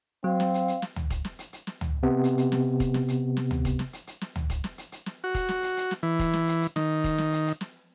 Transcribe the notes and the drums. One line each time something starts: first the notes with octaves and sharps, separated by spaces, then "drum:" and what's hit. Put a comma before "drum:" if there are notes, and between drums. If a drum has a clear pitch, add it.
F#3 C4 F5
drum: snare
drum: hi-hat
drum: hi-hat
drum: snare
drum: tom
drum: kick, hi-hat
drum: snare
drum: hi-hat
drum: hi-hat
drum: snare
drum: tom
C3 B3
drum: hi-hat
drum: hi-hat
drum: snare
drum: kick, hi-hat
drum: snare
drum: hi-hat
drum: snare
drum: tom
drum: kick, hi-hat
drum: snare
drum: hi-hat
drum: hi-hat
drum: snare
drum: tom
drum: kick, hi-hat
drum: snare
drum: hi-hat
drum: hi-hat
drum: snare
F#4
drum: kick, hi-hat
drum: snare
drum: hi-hat
drum: hi-hat
drum: snare
E3
drum: kick, hi-hat
drum: snare
drum: hi-hat
drum: hi-hat
D#3, drum: snare
drum: kick, hi-hat
drum: snare
drum: hi-hat
drum: hi-hat
drum: snare